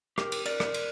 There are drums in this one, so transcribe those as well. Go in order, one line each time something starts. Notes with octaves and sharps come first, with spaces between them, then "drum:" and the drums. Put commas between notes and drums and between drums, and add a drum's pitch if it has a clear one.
G4 A#4, drum: rim click
drum: cymbal
A#4 D5, drum: cymbal
drum: rim click
drum: cymbal